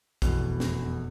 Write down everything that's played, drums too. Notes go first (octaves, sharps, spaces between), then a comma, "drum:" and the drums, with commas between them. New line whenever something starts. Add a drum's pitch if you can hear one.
F1 E2 B2, drum: kick, hi-hat
drum: snare